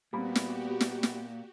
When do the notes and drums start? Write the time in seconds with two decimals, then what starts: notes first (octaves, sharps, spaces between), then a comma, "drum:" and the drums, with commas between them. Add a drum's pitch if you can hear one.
0.13 A#2 G3 B3 C4 F#4 G4 B5
0.35 drum: snare
0.81 drum: snare
1.03 drum: snare